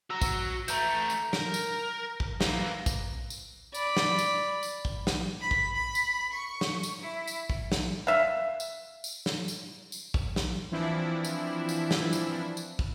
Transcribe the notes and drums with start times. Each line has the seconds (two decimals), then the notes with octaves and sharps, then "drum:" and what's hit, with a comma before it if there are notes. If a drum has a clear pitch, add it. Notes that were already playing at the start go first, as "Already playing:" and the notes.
0.10 F#4 A#5 E6
0.21 drum: kick, tambourine
0.68 E3 A3 A#5 G6, drum: tambourine
1.10 drum: tambourine
1.33 A#4, drum: snare
1.54 drum: tambourine
2.20 drum: kick
2.41 E3 A#3, drum: snare
2.86 drum: kick, tambourine
3.30 drum: tambourine
3.74 D5 B5, drum: tambourine
3.97 drum: snare
4.19 drum: tambourine
4.63 drum: tambourine
4.85 drum: kick
5.07 drum: snare
5.41 B5
5.51 drum: kick
5.75 B5
5.95 drum: tambourine
6.34 C#6
6.61 drum: snare
6.83 drum: tambourine
7.00 E4
7.27 drum: tambourine
7.50 drum: kick
7.72 drum: snare
8.07 E5 F5
8.60 drum: tambourine
9.04 drum: tambourine
9.26 drum: snare
9.48 drum: tambourine
9.92 drum: tambourine
10.14 drum: kick
10.36 drum: snare
10.72 E3 F3 C4 D4 E4
11.25 drum: tambourine
11.69 drum: tambourine
11.91 drum: snare
12.13 drum: tambourine
12.57 drum: tambourine
12.79 drum: kick